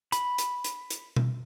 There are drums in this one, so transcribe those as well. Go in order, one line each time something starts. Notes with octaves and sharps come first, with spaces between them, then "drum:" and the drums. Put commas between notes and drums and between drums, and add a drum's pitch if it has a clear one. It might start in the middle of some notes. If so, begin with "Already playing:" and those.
B5, drum: hi-hat
drum: hi-hat
drum: hi-hat
drum: hi-hat
drum: tom B2